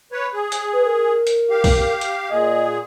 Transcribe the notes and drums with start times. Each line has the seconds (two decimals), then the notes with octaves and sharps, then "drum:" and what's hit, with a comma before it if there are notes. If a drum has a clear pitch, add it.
0.12 B4 C#5
0.33 G#4
0.52 drum: hi-hat
0.73 B4
0.85 A#4
1.27 drum: hi-hat
1.50 G4 F5
1.64 drum: kick B1, open hi-hat
2.01 drum: hi-hat
2.30 A#2 G#4 D#5